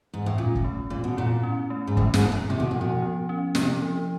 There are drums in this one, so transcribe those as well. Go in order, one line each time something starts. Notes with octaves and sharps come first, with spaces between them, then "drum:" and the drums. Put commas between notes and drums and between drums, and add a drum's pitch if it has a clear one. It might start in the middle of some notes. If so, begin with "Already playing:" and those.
G#2
A2
A#2 C#4
drum: kick
A3
A#2 A3
B2
A#2 E4
C#4
A3
G#2
A2 A3, drum: kick
G#2, drum: snare
E4
A2
C3 A#3
B2
A#2
F3
B2
F3
C#4
C3 A#3, drum: snare
F3